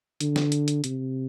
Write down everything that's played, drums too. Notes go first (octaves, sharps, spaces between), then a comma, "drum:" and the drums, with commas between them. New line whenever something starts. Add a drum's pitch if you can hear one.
D3, drum: hi-hat
drum: snare
drum: hi-hat
drum: hi-hat
C3, drum: hi-hat